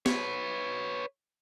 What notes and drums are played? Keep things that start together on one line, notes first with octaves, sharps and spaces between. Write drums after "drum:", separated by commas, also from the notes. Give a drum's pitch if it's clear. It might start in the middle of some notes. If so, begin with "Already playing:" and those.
B4 C#5, drum: snare